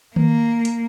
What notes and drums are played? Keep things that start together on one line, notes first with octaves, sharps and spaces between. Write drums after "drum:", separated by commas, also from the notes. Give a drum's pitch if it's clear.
A#3, drum: tom D#3
drum: hi-hat